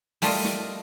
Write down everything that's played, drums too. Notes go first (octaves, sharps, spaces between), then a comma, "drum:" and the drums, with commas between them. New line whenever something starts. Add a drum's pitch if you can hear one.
G3 A3 F4 A#4 D#5, drum: open hi-hat
drum: snare